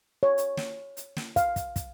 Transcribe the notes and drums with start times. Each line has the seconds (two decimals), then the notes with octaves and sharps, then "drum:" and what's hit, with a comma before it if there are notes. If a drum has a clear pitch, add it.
0.23 C#5
0.38 drum: hi-hat
0.57 drum: snare
0.97 drum: hi-hat
1.17 drum: snare
1.36 F5, drum: kick, hi-hat
1.56 drum: kick, hi-hat
1.76 drum: kick, hi-hat